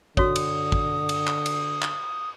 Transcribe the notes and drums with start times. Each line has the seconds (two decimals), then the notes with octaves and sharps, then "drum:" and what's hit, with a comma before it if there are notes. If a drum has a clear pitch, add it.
0.17 D3 F#4 C#5 D#6, drum: kick
0.36 drum: cymbal
0.72 drum: kick
1.09 drum: cymbal
1.27 drum: clap
1.46 drum: cymbal
1.82 drum: clap